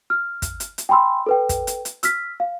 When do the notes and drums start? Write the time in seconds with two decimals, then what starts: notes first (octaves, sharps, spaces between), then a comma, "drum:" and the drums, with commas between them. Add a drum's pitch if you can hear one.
0.10 F6
0.42 drum: kick, hi-hat
0.60 drum: hi-hat
0.78 drum: hi-hat
0.89 G5 G#5 B5 C6 E6
1.26 A4 B4 G5
1.49 drum: kick, hi-hat
1.67 drum: hi-hat
1.85 drum: hi-hat
2.03 E6 F6 B6, drum: hi-hat
2.40 F5